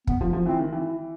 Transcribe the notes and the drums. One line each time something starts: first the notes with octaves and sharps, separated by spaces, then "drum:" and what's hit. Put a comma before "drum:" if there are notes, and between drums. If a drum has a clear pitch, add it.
B3, drum: kick
F3
F3
E3 C4
D#3
E3
E4